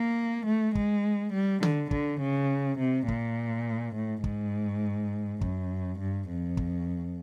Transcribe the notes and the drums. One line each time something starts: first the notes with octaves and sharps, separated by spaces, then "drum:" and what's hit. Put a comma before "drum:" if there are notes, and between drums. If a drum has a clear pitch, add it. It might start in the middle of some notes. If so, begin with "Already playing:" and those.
Already playing: A#3
A3
G#3, drum: kick
G3
D3, drum: tom D3
D3, drum: kick
C#3
C3
A#2, drum: kick
A2
G#2, drum: kick
F#2, drum: kick
G2
F2
drum: kick